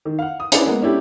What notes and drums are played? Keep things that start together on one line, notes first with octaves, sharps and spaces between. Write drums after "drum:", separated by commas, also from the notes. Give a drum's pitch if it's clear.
D#3
F5 F#5
D#6
C#4 D4 E4 G#4 B4 D5, drum: hi-hat
G#3 A#3 B3
C#4 D4 E4 G4 A4